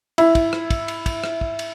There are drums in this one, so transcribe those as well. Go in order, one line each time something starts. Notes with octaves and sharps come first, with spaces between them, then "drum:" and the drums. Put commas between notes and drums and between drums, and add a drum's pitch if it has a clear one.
E4, drum: cymbal
drum: kick, cymbal
drum: rim click
drum: kick, cymbal
drum: cymbal
drum: kick, cymbal
drum: rim click
drum: kick
drum: cymbal